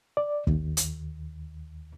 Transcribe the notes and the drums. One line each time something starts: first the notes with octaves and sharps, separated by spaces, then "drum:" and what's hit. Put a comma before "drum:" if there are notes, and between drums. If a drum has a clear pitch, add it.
D5
D#2, drum: kick
drum: hi-hat